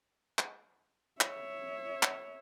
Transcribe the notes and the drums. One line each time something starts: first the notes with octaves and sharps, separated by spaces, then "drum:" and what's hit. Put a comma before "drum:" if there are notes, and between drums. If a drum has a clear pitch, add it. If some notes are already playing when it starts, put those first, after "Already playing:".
drum: clap
C#5 E5, drum: clap
drum: clap